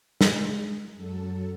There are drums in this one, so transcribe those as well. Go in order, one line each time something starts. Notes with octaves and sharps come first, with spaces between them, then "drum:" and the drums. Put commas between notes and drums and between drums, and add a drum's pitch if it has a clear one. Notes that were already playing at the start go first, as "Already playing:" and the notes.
G#3, drum: snare
F#2 F#3 A4